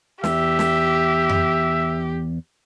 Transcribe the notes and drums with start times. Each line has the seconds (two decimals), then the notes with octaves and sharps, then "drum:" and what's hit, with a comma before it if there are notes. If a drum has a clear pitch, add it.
0.24 E2 G4 E5, drum: snare
0.59 drum: snare
1.29 drum: tom F2